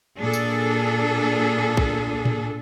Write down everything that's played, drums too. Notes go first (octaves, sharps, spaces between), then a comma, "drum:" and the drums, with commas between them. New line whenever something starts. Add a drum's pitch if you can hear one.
A#2 D4 G#4 A4
drum: tambourine
drum: kick A#1
drum: tom A2